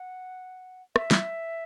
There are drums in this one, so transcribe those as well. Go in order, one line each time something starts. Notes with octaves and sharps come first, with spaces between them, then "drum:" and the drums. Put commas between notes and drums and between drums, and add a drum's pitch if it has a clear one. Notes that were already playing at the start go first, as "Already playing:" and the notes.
Already playing: F#5
E5, drum: rim click
drum: snare